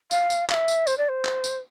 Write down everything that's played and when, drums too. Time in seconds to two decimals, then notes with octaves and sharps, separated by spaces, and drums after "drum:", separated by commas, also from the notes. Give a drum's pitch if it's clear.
0.11 F5, drum: tambourine
0.30 drum: tambourine
0.50 F5, drum: clap
0.54 E5
0.68 drum: tambourine
0.87 C5, drum: tambourine
0.98 D5
1.09 C5
1.25 drum: clap
1.44 drum: tambourine